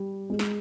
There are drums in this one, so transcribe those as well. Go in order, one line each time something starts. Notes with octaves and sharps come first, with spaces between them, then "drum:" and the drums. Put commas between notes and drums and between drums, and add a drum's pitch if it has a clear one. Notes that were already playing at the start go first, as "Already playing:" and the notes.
Already playing: G3
G#3
drum: snare